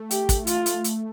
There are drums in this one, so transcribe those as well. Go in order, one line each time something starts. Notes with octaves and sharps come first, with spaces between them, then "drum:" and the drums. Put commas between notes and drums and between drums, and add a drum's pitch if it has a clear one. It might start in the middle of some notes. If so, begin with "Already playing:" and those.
Already playing: A3
G4, drum: hi-hat
drum: kick, hi-hat
F4, drum: hi-hat
drum: hi-hat
drum: hi-hat